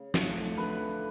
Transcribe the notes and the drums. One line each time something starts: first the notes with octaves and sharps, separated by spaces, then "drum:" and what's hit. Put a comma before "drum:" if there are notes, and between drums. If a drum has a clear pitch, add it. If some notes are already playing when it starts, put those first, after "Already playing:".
Already playing: C#3
F3 A3 F#5, drum: snare
D3 B4